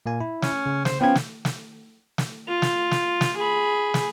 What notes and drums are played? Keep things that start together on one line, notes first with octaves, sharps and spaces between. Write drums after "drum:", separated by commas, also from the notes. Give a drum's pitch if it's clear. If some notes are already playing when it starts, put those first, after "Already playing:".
A#2 A#3 G#5
E4
C#4, drum: snare
C#3
C5, drum: snare
F3 B3 C#4 B4 G5 G#6
drum: snare
drum: snare
drum: snare
F4
drum: snare
drum: snare
drum: snare
G#4 B5
drum: snare